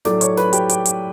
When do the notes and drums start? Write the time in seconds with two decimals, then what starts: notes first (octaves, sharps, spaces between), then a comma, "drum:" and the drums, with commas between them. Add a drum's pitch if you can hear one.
0.05 A2 F#3 A3 D5 D6, drum: snare
0.21 C#5 C#6, drum: hi-hat
0.37 B4 B5, drum: snare
0.53 G4 G5, drum: hi-hat
0.69 G4 G5, drum: hi-hat
0.85 drum: hi-hat